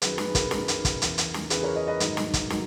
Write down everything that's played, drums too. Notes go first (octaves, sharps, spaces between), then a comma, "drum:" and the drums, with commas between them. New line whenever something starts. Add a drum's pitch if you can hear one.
F#2 D#3 F#3 G#4 B4, drum: hi-hat
G#4 B4, drum: snare
A#4, drum: kick, hi-hat
F#2 D#3 F#3 A#4, drum: snare
drum: hi-hat
drum: kick, hi-hat
E2 C#3 E3, drum: hi-hat
drum: hi-hat
drum: snare
E2 C#3 E3 G#4 B4, drum: hi-hat
A#4 C#5
B4 D#5
B4 D#5
G#2 D#3 F#3 A#4, drum: hi-hat
drum: snare
drum: kick, hi-hat
D#3 F#3, drum: snare